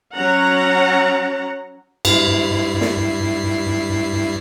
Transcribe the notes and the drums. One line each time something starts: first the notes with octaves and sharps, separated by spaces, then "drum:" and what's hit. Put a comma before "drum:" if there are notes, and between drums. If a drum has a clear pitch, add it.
F#3 C#4 F#5 A#5
G2 E4 C7, drum: cymbal
drum: snare